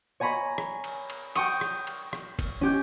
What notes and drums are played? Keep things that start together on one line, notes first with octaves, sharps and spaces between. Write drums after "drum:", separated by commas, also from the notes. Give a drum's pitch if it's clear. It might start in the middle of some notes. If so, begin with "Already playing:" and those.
C#5 G#5 A#5 B5 C#6
drum: rim click
drum: cymbal
drum: cymbal
G5 C#6 D#6, drum: cymbal
drum: rim click
drum: cymbal
drum: rim click
drum: kick, cymbal
C#4 G4 G6